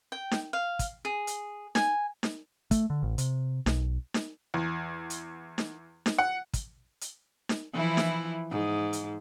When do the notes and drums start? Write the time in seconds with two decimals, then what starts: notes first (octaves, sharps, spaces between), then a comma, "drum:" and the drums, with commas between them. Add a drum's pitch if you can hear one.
0.12 G5
0.31 drum: snare D#4
0.53 F5
0.79 drum: kick, hi-hat
1.05 G#4
1.27 drum: hi-hat
1.75 G#5, drum: snare D#4
2.23 drum: snare D#4
2.71 A3, drum: kick, hi-hat
2.90 D3
3.03 A1
3.18 C3, drum: hi-hat
3.66 B1, drum: snare D#4
4.14 drum: snare D#4
4.54 E2
5.10 drum: hi-hat
5.58 drum: snare D#4
6.06 drum: snare D#4
6.18 F#5
6.54 drum: kick, hi-hat
7.01 drum: hi-hat
7.49 drum: snare D#4
7.74 E3 F3 E4
7.97 drum: snare D#4
8.51 G#2
8.93 drum: hi-hat